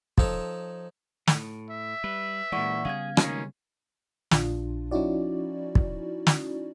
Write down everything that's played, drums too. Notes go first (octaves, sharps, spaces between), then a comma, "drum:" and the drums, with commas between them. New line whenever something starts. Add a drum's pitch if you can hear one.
F3 D#4 A4 C#5, drum: kick
A2, drum: snare
E5
G3 B4
A#2 E3 G#3 D5 F#5 C#6
C#3 G3 B3 G#4 F5 G#6
D#3 G#3 A#3 C#4, drum: rim click
A#1 D4 F4, drum: snare
F3 C#4 D#4 E4 F#4 D5
drum: kick
drum: snare